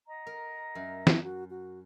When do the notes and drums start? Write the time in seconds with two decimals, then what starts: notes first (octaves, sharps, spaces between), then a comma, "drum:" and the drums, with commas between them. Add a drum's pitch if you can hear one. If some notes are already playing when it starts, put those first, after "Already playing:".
0.07 D#5 F#5 A#5
0.27 A#4
0.75 F#2 E5
1.07 drum: snare
1.23 F#4
1.50 F#4